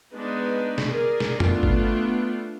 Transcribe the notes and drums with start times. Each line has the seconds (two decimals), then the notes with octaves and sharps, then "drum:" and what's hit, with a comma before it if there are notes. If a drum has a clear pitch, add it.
0.14 G#3 B3 D4 D#4 B4
0.78 drum: snare
0.87 G#4 A#4 D5
1.20 drum: snare
1.40 A3 B3 D4 F4, drum: tom F2
1.63 drum: kick G#1